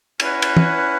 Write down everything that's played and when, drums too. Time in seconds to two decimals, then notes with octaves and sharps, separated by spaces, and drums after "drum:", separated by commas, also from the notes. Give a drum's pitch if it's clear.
0.20 C#4 E4 B4 F#5, drum: cymbal
0.42 drum: cymbal
0.57 drum: tom